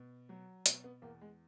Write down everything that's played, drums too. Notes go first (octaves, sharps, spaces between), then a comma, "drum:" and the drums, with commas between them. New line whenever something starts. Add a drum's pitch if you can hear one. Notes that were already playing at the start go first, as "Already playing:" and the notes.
Already playing: B2
F#3
B2 F#4, drum: hi-hat
B3
E2 A#3
G#3